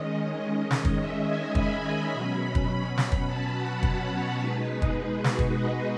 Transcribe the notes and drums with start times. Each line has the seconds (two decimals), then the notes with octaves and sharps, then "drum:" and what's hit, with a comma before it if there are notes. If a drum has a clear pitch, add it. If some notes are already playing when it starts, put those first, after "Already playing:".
Already playing: D#3 G#3 C#4 D#5
0.13 D#5
0.71 drum: snare
0.85 drum: kick
0.98 E5
1.27 G#5
1.55 B5, drum: kick
2.13 B2 F#3 C#4
2.55 drum: kick
2.98 drum: snare
3.12 drum: kick
3.26 A5
3.54 F#5
3.83 drum: kick
4.11 C#5
4.39 B2 G#3 D#4 B4
4.67 G#4
4.82 drum: kick
4.96 G#4
5.24 F#4, drum: snare
5.39 drum: kick
5.52 D#5